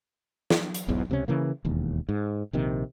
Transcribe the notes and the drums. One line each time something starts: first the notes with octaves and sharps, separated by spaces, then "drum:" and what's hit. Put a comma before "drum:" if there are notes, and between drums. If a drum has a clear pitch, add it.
drum: snare
drum: hi-hat
E1 B1 E2 G#2
C#2 C3 A3 C#4
C#3 E3 A#3
E1 D#2
G#2
A#1 C3 D#3